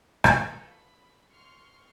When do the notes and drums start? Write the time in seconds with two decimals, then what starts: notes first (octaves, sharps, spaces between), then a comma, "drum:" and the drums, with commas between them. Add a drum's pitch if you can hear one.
0.24 F4 F#4 A4 B4 D#5, drum: rim click
0.66 B5
1.30 C6 C#6 F6